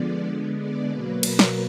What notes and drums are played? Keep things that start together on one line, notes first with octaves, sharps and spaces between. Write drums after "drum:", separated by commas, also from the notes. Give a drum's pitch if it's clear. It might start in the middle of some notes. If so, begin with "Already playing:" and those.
Already playing: D3 F3 G#3 B3 D5
D3 G#3 B3
D5
B2 F#3 A#3 B4
A#4, drum: cymbal
drum: snare